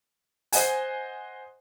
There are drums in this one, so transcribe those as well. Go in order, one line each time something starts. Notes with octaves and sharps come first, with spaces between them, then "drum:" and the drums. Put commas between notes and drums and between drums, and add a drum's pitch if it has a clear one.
C5 D#5 F#5 G#5, drum: open hi-hat